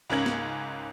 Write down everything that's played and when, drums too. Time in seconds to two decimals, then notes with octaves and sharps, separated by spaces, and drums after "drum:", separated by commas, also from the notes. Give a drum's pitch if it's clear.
0.10 C#2 G#2 C#4 A#4 G#6 F#7
0.26 drum: snare